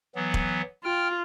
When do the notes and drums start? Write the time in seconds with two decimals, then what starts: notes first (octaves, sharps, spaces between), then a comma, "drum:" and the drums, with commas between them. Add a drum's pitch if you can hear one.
0.15 E3 F#3 B3
0.34 drum: kick
0.84 F4 G5 F6